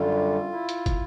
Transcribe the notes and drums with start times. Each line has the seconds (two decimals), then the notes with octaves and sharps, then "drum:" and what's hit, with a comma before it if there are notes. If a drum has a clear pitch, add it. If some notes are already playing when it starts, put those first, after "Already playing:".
Already playing: F#2 D3 G3 F4
0.51 E4
0.69 drum: hi-hat
0.86 drum: kick, hi-hat